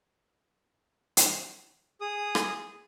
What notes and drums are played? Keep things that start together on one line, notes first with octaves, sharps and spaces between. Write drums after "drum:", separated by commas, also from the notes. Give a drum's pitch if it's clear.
drum: hi-hat
G#4 D#6
drum: rim click